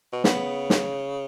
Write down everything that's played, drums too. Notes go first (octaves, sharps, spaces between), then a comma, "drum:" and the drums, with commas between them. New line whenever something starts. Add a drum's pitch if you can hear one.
B2
C#3 B3, drum: snare
drum: snare